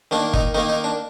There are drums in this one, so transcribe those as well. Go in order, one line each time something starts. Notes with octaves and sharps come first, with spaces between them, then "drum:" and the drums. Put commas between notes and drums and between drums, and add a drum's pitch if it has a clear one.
D#3 A#3 D4
D#4, drum: kick
D#3 A#3 D#4
D#4
D4